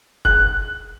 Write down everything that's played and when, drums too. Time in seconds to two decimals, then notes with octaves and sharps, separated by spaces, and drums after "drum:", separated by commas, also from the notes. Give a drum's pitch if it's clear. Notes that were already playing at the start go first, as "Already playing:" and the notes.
0.25 F#6, drum: kick F1